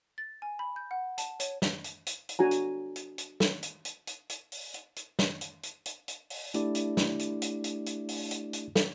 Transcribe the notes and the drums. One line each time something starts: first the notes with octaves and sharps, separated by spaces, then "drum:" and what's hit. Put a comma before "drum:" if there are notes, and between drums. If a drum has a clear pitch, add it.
A6
G#5
B5
G6
F#5
A5, drum: hi-hat
C#5, drum: hi-hat
drum: snare
drum: hi-hat
drum: hi-hat
drum: hi-hat
D4 F#4 G#5 A#5
drum: hi-hat
drum: hi-hat
drum: hi-hat
drum: snare
drum: hi-hat
drum: hi-hat
drum: hi-hat
drum: hi-hat
drum: open hi-hat
drum: hi-hat
drum: hi-hat
drum: snare
drum: hi-hat
drum: hi-hat
drum: hi-hat
drum: hi-hat
drum: open hi-hat
A3 D4 E4 G4 D5, drum: hi-hat
drum: hi-hat
drum: snare
drum: hi-hat
drum: hi-hat
drum: hi-hat
drum: hi-hat
drum: open hi-hat
drum: hi-hat
drum: hi-hat
drum: snare